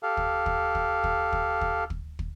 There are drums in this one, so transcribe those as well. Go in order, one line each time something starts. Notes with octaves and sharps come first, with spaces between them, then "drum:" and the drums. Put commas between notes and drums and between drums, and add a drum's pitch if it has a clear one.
G4 A4 F5
drum: kick
drum: kick
drum: kick
drum: kick
drum: kick
drum: kick
drum: kick
drum: kick